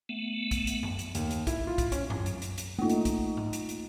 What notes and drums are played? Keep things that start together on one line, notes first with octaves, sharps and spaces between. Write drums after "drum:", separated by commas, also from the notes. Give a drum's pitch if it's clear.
A3 B3
drum: kick, hi-hat
drum: hi-hat
drum: tom F#2
drum: hi-hat
D#2, drum: hi-hat
drum: hi-hat
E4, drum: kick, hi-hat
F4
drum: kick, hi-hat
C#4, drum: hi-hat
drum: tom F#2
drum: hi-hat
drum: hi-hat
drum: hi-hat
A3 A#3 D#4 F4
drum: hi-hat
drum: kick, hi-hat
drum: tom G#2
drum: hi-hat
drum: hi-hat